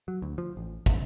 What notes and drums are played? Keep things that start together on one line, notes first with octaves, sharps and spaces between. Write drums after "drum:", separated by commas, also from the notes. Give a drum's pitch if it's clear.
F#3
D2
F3
A1
A1, drum: kick